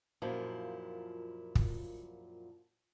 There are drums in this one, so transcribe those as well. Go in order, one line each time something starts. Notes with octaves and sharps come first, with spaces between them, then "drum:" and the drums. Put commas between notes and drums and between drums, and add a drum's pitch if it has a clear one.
F#2 A#2 F3 E4
drum: kick